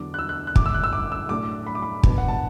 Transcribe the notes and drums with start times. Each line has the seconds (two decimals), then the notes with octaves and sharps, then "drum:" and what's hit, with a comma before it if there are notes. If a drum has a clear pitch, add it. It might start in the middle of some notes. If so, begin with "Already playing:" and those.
Already playing: E2 D3 F#3 D4 D6
0.14 F#6
0.19 E6
0.29 F#6
0.47 F#6
0.56 F#2 D3 A3 D6, drum: kick
0.66 E6
0.74 F#6
0.84 E6
0.93 D6
1.12 E6
1.29 A2 F#3 A3 D4 D6
1.67 B5
1.75 D6
1.82 B5
2.03 B2 F#3 B3 D4, drum: kick
2.18 F#5
2.28 A5